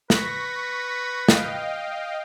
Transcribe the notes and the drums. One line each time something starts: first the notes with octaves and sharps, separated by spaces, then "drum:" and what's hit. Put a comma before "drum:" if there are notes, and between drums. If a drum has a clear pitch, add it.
B4 C#6 A#6 B6, drum: snare
D#5 F5 G5, drum: snare